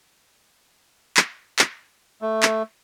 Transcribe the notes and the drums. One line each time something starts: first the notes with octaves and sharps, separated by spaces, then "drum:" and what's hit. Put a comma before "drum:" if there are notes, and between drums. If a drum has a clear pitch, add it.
drum: clap
drum: clap
A3
drum: clap